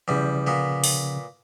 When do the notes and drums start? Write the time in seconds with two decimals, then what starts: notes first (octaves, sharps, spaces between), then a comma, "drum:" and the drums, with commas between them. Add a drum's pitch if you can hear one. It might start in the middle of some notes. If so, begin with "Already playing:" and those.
0.08 E2 C#3 F3 G3
0.47 A#2 B3
0.84 drum: open hi-hat